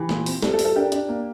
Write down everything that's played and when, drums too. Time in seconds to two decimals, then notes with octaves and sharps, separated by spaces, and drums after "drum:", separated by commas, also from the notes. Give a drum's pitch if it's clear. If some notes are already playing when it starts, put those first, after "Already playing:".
Already playing: E3 G4
0.09 A#2, drum: snare
0.26 C4, drum: open hi-hat
0.42 G3 A4, drum: snare
0.54 A4
0.59 G3, drum: open hi-hat
0.65 A4
0.76 D4 G4 A#4
0.92 D4, drum: hi-hat
1.09 A#3